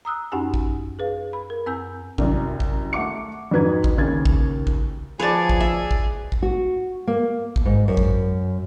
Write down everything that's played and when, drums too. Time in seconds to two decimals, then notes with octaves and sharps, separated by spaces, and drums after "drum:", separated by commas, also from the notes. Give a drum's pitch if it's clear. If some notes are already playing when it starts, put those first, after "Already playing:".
0.05 A#5 D#6 E6 F#6
0.32 F#2 C#4 D#4 F#4 G4 G#5
0.54 drum: kick
0.99 G#4 B4 F5
1.33 B5
1.50 A#4
1.66 F#2 C4 G#5 E6 G6
2.18 C2 F#2, drum: kick
2.60 drum: kick
2.93 A3 F#5 D6 C#7
3.51 F2 G#2 F#3 B4 A#5 G#6
3.84 drum: kick
3.97 D#2 C#3 G#6 A6
4.25 drum: kick
4.67 drum: kick
5.20 F3 G#4 B4 C#5 D5 A5
5.49 drum: kick
5.60 E5
5.91 drum: kick
6.32 drum: kick
6.42 F#4
7.07 A#3
7.56 drum: kick
7.65 G#2
7.88 F#2
7.97 drum: kick